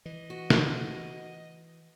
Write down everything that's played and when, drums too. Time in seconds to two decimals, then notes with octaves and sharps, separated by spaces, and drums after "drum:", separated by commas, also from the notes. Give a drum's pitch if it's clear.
0.06 E3 D#5
0.30 F#4
0.50 drum: snare